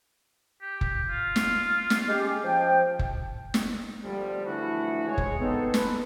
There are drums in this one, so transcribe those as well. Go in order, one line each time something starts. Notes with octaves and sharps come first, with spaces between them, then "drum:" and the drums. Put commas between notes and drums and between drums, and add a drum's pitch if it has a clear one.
G4
drum: kick F#1
F4
drum: snare
drum: snare
G#3 C#4 G4
F3 G5
drum: kick F#1
drum: snare
G1 D3 F3 G3
D3 E3 F3 A3 E4 F#4
G#3 G#4 C#5
drum: kick F#1
B3 C4 D#4 A4
B4, drum: snare